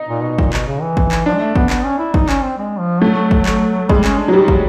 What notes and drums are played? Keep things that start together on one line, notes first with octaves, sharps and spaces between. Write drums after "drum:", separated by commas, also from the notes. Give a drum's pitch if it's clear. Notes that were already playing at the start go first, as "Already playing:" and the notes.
Already playing: D#4
A#2
B2
A#2, drum: kick
B2, drum: clap
C#3
E3
drum: kick
drum: clap
F3 D4
G#3
A3
B3, drum: kick
B3, drum: clap
C#4
E4
D#4, drum: kick
C#4, drum: clap
C4
G#3
F3
F#3 A3
drum: kick
drum: clap
G3 G#3, drum: kick
C#4, drum: clap
D4
F#3
G3 D#4
drum: kick